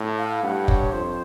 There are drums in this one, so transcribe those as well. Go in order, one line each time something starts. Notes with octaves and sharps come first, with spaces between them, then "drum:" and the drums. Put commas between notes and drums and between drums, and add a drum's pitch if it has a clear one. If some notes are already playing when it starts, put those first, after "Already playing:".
Already playing: A2
F5
G2 F#5
C#5, drum: kick
F2 C5